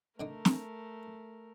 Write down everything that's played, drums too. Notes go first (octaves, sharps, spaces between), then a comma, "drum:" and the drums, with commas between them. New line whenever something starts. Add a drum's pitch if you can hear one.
D3 A3 D4 D#4 A#4
drum: snare